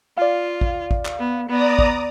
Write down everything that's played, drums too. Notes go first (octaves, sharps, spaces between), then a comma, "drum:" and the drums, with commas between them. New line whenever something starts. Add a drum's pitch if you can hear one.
F4 D5 F5
drum: kick
drum: kick
drum: clap
B3
B3 D5 A#5 D#6
drum: kick